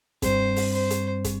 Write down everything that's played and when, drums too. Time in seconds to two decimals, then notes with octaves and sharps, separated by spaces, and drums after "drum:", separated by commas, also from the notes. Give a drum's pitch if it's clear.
0.22 G2 G3 C4 C5, drum: kick, hi-hat
0.56 drum: open hi-hat
0.73 C5
0.90 drum: hi-hat
1.24 drum: kick, hi-hat